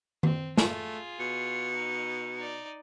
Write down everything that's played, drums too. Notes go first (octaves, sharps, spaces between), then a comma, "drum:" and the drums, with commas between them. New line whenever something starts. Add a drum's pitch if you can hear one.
C4, drum: tom D#3
A3 F4 G#4, drum: snare
B2 C#7
D#4
D#4 D5